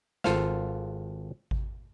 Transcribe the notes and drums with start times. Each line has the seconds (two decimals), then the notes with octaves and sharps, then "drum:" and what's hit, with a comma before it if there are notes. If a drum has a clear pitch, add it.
0.24 G#1 F4 A4 C5 F5, drum: snare
1.51 drum: kick G#1